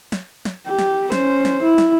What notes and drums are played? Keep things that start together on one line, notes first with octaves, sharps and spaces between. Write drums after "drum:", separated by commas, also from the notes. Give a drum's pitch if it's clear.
drum: snare
drum: snare
G4
drum: snare
C#4 C5, drum: snare
drum: snare
E4
drum: snare